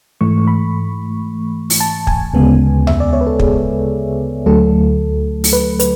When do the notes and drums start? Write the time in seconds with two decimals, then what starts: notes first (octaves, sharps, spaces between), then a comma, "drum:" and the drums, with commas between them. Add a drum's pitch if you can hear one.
0.21 G#2 E3 A3 C#6
0.47 B5
1.70 drum: open hi-hat
1.80 A5
2.07 G#5, drum: kick
2.34 D2 C#3 G#3 B3
2.87 E5, drum: tom E2
3.00 D5
3.13 C#5
3.21 B4
3.27 A4
3.39 G#4, drum: kick
4.46 D2 D3 F#3 A3 A4
5.44 drum: open hi-hat
5.53 B4
5.79 B4, drum: hi-hat